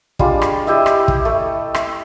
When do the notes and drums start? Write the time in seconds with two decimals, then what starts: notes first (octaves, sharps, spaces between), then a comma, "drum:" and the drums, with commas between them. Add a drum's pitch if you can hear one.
0.19 G3 G#3 D4 F4, drum: kick
0.42 drum: rim click
0.67 E4 G4 D#5 E5
0.86 drum: rim click
1.08 drum: kick
1.25 A3
1.74 drum: rim click